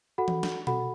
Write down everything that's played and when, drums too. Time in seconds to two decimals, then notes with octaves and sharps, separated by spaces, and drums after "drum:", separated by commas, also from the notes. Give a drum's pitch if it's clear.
0.18 F#4 A4 F#5 B5
0.28 drum: tom E3
0.43 drum: snare
0.67 F#4 A4 F#5 B5, drum: tom B2